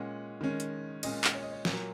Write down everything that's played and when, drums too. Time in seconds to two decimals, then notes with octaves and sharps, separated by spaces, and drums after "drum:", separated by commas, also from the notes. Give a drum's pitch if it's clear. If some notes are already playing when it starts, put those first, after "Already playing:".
Already playing: A#2 G#3 C#4 F#5
0.41 D#3 G#3 C#4
0.60 drum: hi-hat
1.03 A#2 G#3 C#4 D#5, drum: cymbal
1.24 drum: clap
1.34 C#5
1.43 D#5
1.52 C#5
1.65 A#2 F#3 A#3, drum: snare